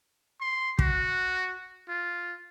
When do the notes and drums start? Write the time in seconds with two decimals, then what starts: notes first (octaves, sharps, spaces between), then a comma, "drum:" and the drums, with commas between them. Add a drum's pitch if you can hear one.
0.41 C6
0.79 F#4, drum: kick
1.89 F4